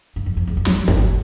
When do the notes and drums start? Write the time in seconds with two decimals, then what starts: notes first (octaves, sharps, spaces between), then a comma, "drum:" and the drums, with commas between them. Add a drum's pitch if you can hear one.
0.16 G2
0.26 F2
0.37 F2
0.47 E2
0.57 F2
0.67 E2, drum: snare
0.77 F2
0.88 G2, drum: kick
0.97 A2